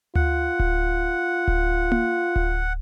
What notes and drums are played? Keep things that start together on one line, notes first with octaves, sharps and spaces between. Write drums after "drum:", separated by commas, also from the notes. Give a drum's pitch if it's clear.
F4 F#5, drum: tom D2
drum: kick D1
drum: kick D1
drum: tom A#3
drum: kick D1